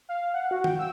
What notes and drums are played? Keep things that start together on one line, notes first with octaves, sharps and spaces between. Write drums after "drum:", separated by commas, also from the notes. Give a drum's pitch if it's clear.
F5
F#5
F#4
G5, drum: tom
E6